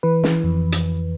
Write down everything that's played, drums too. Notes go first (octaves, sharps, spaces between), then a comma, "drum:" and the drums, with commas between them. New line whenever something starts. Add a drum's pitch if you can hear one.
E3 B4
E3, drum: snare
F2
drum: hi-hat